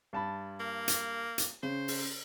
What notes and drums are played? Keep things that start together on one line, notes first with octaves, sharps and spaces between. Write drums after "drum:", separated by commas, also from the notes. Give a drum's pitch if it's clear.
G2 A5 B5
A#3
drum: hi-hat
drum: hi-hat
C#3 C5
drum: open hi-hat